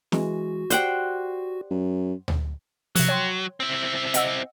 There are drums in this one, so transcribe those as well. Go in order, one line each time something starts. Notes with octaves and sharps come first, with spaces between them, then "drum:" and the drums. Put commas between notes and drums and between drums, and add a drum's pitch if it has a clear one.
E3 G#3 F#4, drum: snare
G4 C5 D5 F#5 G5, drum: hi-hat
F#2
drum: tom D2
C3 F3 F#3, drum: open hi-hat
C#5 G5 C6
C4 E4
D#5 F#5 E6, drum: hi-hat